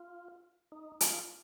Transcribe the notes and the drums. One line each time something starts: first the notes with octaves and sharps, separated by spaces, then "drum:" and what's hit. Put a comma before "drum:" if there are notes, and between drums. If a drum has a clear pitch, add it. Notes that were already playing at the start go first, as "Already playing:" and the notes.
Already playing: F4
D#4
F4, drum: hi-hat